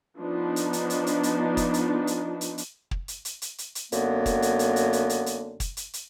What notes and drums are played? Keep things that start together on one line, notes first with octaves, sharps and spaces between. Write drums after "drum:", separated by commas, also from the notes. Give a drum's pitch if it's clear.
F3 B3 D4 D#4
drum: hi-hat
drum: hi-hat
drum: hi-hat
drum: hi-hat
drum: hi-hat
drum: kick, hi-hat
drum: hi-hat
drum: hi-hat
drum: hi-hat
drum: hi-hat
drum: kick
drum: hi-hat
drum: hi-hat
drum: hi-hat
drum: hi-hat
drum: hi-hat
F#2 D3 A#3 B3, drum: hi-hat
drum: kick, hi-hat
drum: hi-hat
drum: hi-hat
drum: hi-hat
drum: hi-hat
drum: hi-hat
drum: hi-hat
drum: kick, hi-hat
drum: hi-hat
drum: hi-hat